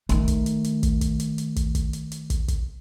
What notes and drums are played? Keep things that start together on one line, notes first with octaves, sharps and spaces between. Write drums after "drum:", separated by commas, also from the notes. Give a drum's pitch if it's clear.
D#3 A3, drum: kick, hi-hat
drum: kick, hi-hat
drum: hi-hat
drum: hi-hat
drum: kick, hi-hat
drum: kick, hi-hat
drum: hi-hat
drum: hi-hat
drum: kick, hi-hat
drum: kick, hi-hat
drum: hi-hat
drum: hi-hat
drum: kick, hi-hat
drum: kick, hi-hat